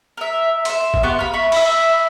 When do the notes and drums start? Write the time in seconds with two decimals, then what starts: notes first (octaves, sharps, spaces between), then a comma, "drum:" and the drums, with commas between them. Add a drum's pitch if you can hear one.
0.17 A#4 E5
0.65 E5 C6, drum: hi-hat
0.94 drum: kick
1.03 B3 G4 C6 C#6
1.19 F5 B5
1.33 E5 B5 C#6
1.52 E5 B5, drum: cymbal